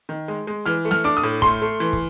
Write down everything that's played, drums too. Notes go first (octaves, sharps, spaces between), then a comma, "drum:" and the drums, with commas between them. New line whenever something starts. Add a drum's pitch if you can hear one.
D#3
G#3
G#3
E3 F6
A3
F6, drum: snare
D4 D6
D#6, drum: hi-hat
A2
A3 C6, drum: kick, hi-hat
A3
E3
drum: kick